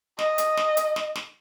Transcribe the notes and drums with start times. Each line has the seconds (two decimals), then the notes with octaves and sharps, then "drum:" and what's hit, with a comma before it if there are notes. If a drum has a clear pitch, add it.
0.19 D#5, drum: snare
0.38 drum: hi-hat
0.57 drum: snare
0.77 drum: hi-hat
0.96 drum: snare
1.16 drum: snare